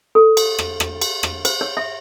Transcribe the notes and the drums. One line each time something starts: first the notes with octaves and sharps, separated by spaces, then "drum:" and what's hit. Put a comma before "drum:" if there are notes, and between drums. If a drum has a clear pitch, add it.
A4
drum: cymbal
drum: rim click
drum: rim click
drum: cymbal
drum: rim click
C5, drum: cymbal
C#5
E5